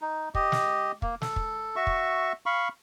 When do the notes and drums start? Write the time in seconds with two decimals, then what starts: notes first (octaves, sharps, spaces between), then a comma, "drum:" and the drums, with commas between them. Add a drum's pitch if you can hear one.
0.01 D#4
0.35 G4 D#5, drum: kick
0.52 drum: snare
1.02 A#3, drum: kick
1.22 A4, drum: snare
1.36 drum: kick
1.76 F#4 E5 C#6
1.87 drum: kick
2.46 F5 B5 C#6